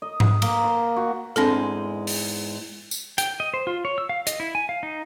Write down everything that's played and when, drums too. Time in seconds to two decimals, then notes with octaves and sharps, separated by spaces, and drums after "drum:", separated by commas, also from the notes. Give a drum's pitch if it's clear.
0.02 D#5
0.20 drum: tom G#2
0.42 A#3, drum: cymbal
0.64 C6
0.96 F#4
1.36 E2 G#2 G#3 C4 D4 A4
2.07 drum: open hi-hat
2.91 drum: tambourine
3.18 G5, drum: hi-hat
3.40 D#5
3.54 C5
3.67 F4
3.85 C#5
3.98 E6
4.09 F5
4.27 D#5, drum: hi-hat
4.40 E4
4.55 G#5
4.69 F5
4.83 D#4